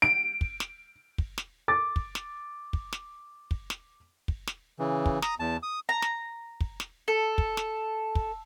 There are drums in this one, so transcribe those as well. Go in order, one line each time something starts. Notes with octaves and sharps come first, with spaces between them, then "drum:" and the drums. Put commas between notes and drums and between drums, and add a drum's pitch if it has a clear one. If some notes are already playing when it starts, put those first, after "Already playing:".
D7
drum: kick
drum: snare
drum: kick
drum: snare
D6 A6
drum: kick
drum: snare
drum: kick
drum: snare
drum: kick
drum: snare
drum: kick
drum: snare
C#3 E3
drum: kick
A#5 D#6, drum: snare
E2 A5
D#6
A#5
drum: snare
drum: kick
drum: snare
A4
drum: kick
drum: snare
drum: kick